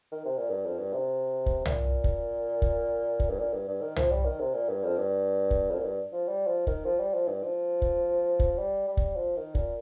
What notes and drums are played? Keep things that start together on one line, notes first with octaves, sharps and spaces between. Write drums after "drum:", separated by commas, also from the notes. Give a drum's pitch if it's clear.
D#3
C3
A#2
G2
F2
G2
C3
drum: kick
A#2, drum: tom
drum: kick
drum: kick
drum: kick
G2
A#2
G2
G2
D#3
F3, drum: tom
G3
D#3
C3
A#2
G2
F2
G2
drum: kick
F2
A#2
G2
F3
G3
F3
D#3, drum: kick
F3
G3
F3
G2
F3
drum: kick
drum: kick
G3
G3
drum: kick
F3
D#3
A#2, drum: kick